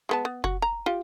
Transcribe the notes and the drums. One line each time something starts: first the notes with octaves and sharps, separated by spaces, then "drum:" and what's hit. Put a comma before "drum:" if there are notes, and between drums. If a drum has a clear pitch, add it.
G#3 B3 A5
B3
F#4, drum: kick F#1
A#5
F4 G4